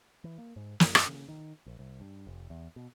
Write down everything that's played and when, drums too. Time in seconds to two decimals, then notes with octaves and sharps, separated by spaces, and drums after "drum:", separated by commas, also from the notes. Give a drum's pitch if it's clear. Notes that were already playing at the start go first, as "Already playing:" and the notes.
0.24 E3
0.38 A#3
0.56 G#2
0.80 F#2, drum: snare
0.95 drum: rim click
1.07 C#3
1.29 D#3
1.66 A#1
1.79 C2
2.01 G2
2.27 F1
2.50 E2
2.76 B2